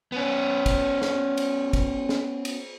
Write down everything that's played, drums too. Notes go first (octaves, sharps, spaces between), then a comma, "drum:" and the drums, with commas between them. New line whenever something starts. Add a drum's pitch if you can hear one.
B3 C#4
drum: kick, cymbal
drum: snare
drum: cymbal
drum: kick, cymbal
drum: snare
drum: cymbal